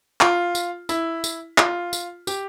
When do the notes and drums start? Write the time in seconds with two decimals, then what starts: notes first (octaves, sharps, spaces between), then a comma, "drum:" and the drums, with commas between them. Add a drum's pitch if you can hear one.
0.21 F4, drum: clap
0.55 drum: tambourine
0.89 E4, drum: tambourine
1.24 drum: tambourine
1.58 F4, drum: clap
1.93 drum: tambourine
2.27 G4, drum: tambourine